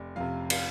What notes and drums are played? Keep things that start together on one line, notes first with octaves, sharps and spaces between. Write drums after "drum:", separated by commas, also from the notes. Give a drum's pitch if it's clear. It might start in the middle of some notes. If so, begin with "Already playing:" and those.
Already playing: F1 D5
F2 C3 F5
F5, drum: cymbal